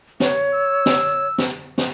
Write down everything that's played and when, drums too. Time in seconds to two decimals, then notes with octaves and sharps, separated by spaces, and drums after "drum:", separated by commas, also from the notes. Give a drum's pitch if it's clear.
0.20 C#5, drum: snare
0.55 E6
0.86 drum: snare
1.38 drum: snare
1.78 drum: snare